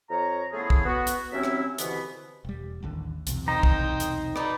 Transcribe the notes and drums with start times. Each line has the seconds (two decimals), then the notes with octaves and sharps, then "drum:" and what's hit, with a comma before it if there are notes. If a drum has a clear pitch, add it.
0.10 F2 C#5 A#5
0.53 C#3 A3 B3 E4 F4 G#4
0.70 drum: kick
0.85 B3 F#4
1.07 drum: hi-hat
1.32 D#2 F#3 C4 C#4 E4 E5
1.43 drum: rim click
1.78 C2 B2 D3 E3 B3, drum: hi-hat
2.45 E1 G3
2.83 A1 D#2 D3
3.27 B1 E2 C3, drum: hi-hat
3.48 D#4 C5 G5 A#5 D#6
3.63 drum: kick
4.00 drum: hi-hat
4.36 D#4 B4 D5, drum: rim click